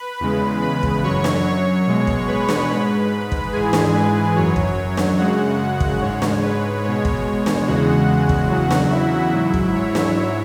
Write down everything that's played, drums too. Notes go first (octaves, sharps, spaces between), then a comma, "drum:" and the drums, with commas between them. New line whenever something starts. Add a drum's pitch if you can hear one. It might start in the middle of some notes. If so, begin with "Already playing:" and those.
Already playing: B4 B5
E2 C#3 G#3
B4 B5
drum: kick
F#2 F#3 C#5 C#6
drum: snare
C#5 C#6
B2 G#3
drum: kick
B4 B5
drum: snare
G#2 G#3
drum: kick
G#2 E3 G#3 G#4 G#5
drum: snare
B4
F#2 F#3 C#5
drum: kick
drum: snare
F#2 C#3 G#3 F#4 F#5
drum: kick
G#2 G#3 C#5
drum: snare
B4
B2 G#3 C#5
drum: kick
drum: snare
E2 C#3 G#3 F#4 F#5
drum: kick
E2 C#3 F#3
drum: snare
E4 E5
G#2 F#3
drum: kick
C#5
drum: snare